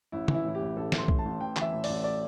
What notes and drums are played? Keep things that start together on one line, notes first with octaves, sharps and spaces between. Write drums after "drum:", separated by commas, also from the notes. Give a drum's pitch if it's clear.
A1 E4
E3, drum: tom
E4
A2 E4
G4
A1
A1 A4
E3, drum: snare
C6
A2, drum: kick
A5
A1
A1 G5
E3 E5, drum: clap
A2
D5, drum: open hi-hat
A1
D5